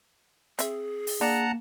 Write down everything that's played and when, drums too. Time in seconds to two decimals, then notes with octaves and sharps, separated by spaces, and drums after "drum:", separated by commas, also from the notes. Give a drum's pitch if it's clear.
0.59 C4 G#4 E5, drum: hi-hat
1.07 drum: open hi-hat
1.21 A#3 D4 F#5 A5 A#5